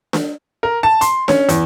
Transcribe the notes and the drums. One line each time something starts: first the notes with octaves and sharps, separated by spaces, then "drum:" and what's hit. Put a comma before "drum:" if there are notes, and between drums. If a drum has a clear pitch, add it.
drum: snare D4
A#4
A5
C6, drum: hi-hat
C#4, drum: snare D4
E2, drum: hi-hat